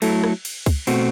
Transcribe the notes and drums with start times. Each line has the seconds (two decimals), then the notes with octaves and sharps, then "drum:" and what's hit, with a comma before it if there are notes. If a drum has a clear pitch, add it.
0.02 F#3 A3 E4 A4, drum: cymbal
0.23 drum: rim click
0.45 drum: cymbal
0.66 drum: kick C#2, cymbal
0.87 B2 A3 C4 F#4, drum: cymbal